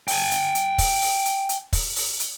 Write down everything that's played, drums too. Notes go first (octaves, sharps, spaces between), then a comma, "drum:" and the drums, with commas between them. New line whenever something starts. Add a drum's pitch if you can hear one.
G5 G#5, drum: open hi-hat
drum: hi-hat
drum: hi-hat
drum: kick, open hi-hat
drum: open hi-hat
drum: hi-hat
drum: hi-hat
drum: kick, open hi-hat
drum: open hi-hat
drum: hi-hat